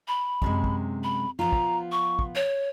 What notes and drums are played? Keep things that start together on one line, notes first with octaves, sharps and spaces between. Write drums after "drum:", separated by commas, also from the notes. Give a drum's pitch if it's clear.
B5
F#2 C3 G#3, drum: kick
drum: kick
B5
F3 B3 F4 A#5
drum: kick
C#6
drum: kick
C#5